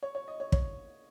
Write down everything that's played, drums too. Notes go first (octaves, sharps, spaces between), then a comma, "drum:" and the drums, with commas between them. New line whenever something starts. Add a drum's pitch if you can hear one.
C#5
C#5
D#5
C#5
C#5, drum: kick